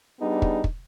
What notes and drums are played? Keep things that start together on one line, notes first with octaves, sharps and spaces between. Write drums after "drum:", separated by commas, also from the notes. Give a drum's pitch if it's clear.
G3 B3 D4 D#4 G#4
drum: kick
drum: kick